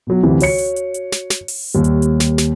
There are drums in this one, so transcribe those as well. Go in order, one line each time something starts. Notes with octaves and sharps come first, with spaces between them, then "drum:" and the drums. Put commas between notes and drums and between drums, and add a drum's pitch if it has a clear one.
B2 F#3
D2 C3 E3
F#4 C#5 C#7, drum: open hi-hat
drum: hi-hat
drum: hi-hat
drum: hi-hat
drum: snare
drum: snare
drum: open hi-hat
D#2 G3
drum: hi-hat
drum: hi-hat
drum: snare
drum: snare